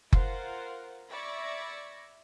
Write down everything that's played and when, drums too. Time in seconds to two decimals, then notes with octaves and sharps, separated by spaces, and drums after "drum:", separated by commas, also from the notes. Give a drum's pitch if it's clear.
0.13 F4 A#4 C5 F#5, drum: kick F#1
1.10 D5 E5 B5 C#6 G#6 A#6